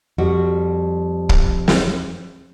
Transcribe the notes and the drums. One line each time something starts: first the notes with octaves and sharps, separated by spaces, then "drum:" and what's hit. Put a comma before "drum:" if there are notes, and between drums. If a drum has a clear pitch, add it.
F2 G3 F#4
drum: kick
drum: snare